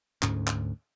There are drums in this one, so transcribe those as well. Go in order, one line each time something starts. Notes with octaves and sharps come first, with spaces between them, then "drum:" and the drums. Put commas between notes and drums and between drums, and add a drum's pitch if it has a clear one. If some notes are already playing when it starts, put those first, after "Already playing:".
D2 G#2 C#4, drum: clap
drum: clap